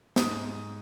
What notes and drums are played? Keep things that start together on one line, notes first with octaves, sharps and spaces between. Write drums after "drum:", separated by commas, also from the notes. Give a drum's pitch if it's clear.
G#2 D#6, drum: snare